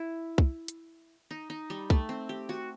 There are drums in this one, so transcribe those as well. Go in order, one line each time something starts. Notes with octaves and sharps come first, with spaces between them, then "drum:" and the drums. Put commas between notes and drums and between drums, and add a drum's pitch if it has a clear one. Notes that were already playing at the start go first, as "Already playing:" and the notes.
Already playing: E4
drum: kick
drum: hi-hat
D#4
D#4
G3
A3, drum: kick
C4
G4
F#4